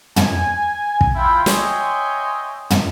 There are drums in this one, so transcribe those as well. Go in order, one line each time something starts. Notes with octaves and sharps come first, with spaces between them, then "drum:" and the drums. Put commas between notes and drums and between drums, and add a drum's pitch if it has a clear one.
G#5, drum: tom
drum: kick
E4 F4 G5
C#5 D#5 E5 G5 G#5 C6, drum: snare
drum: tom